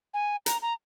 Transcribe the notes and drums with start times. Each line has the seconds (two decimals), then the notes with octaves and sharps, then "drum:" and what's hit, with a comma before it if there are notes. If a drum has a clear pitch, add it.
0.14 G#5
0.46 A#5, drum: hi-hat
0.62 A#5